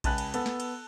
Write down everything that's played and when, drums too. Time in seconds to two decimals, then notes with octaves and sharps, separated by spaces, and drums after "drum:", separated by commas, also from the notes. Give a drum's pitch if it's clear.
0.04 C#2 G#5 A5 B5 F#6, drum: kick A#1, cymbal
0.18 drum: cymbal
0.34 B3 A4, drum: cymbal
0.46 drum: snare
0.60 drum: cymbal